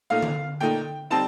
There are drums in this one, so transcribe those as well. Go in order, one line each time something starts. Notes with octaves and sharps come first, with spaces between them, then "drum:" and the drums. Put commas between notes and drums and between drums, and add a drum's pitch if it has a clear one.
A#2 A3 D#4 F5
drum: tom D3
A#2 A3 D#4 G5
G3 C4 D#4 A5